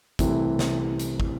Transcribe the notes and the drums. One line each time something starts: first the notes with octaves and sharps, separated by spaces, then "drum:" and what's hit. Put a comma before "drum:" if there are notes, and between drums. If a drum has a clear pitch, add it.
C2 C3 E3 A3, drum: kick, hi-hat
drum: snare
drum: hi-hat
drum: kick